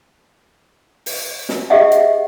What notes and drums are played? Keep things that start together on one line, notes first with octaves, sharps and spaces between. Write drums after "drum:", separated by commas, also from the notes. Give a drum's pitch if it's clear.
drum: open hi-hat
drum: snare
G4 G#4 D#5 E5 F#5
drum: hi-hat